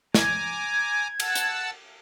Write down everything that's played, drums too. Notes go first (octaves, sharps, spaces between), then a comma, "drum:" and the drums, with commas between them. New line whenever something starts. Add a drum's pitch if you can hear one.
G#5 A#5 D6 G#6, drum: snare
F#5 A5 E6, drum: cymbal
drum: hi-hat